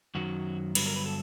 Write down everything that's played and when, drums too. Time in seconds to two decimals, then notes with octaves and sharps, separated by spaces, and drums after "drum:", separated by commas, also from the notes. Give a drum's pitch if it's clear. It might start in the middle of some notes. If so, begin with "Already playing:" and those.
0.15 F#2 D#3 F#3 F#4
0.75 G2 D3 F#3 B4, drum: cymbal
0.86 A#4
0.96 B4
1.06 A4